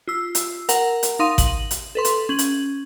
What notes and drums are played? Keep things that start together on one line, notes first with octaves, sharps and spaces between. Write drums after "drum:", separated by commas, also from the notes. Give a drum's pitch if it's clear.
F4 E6
drum: hi-hat
A#4 F#5 A#5, drum: hi-hat
drum: hi-hat
D#4 F5 C6 D#6 D#7
F#7, drum: kick G#1, hi-hat
drum: hi-hat
A4 B4 C6
drum: hi-hat
C#4 F#7
drum: hi-hat